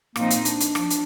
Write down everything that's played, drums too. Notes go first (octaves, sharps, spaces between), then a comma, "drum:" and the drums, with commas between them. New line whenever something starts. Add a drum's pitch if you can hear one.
A#2 F3 A#3 C4 D#4, drum: rim click
drum: hi-hat
D4, drum: hi-hat
drum: hi-hat
F3, drum: rim click
drum: hi-hat